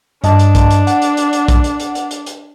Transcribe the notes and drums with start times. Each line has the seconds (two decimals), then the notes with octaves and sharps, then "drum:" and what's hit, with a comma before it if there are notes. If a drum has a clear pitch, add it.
0.24 G2 D4 D#5 A5, drum: hi-hat
0.39 drum: hi-hat
0.55 drum: kick A#1, hi-hat
0.70 drum: hi-hat
0.87 F#5, drum: hi-hat
1.02 drum: hi-hat
1.17 drum: hi-hat
1.33 drum: hi-hat
1.48 drum: kick A#1, hi-hat
1.64 drum: hi-hat
1.80 drum: hi-hat
1.95 drum: hi-hat
2.11 drum: hi-hat
2.26 drum: hi-hat